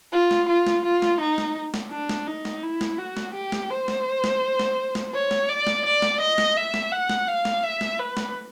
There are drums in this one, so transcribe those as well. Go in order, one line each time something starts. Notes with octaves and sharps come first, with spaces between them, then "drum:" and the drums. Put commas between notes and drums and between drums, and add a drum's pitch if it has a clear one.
F4
drum: snare
F4
drum: snare
F4
drum: snare
D#4
drum: snare
drum: snare
D4
drum: snare
D#4
drum: snare
E4
drum: snare
F#4
drum: snare
G4
drum: snare
C5
drum: snare
drum: snare
drum: snare
drum: snare
C#5
drum: snare
D5
drum: snare
D5
drum: snare
D#5
drum: snare
E5
drum: snare
F#5
drum: snare
F5
drum: snare
E5
drum: snare
B4
drum: snare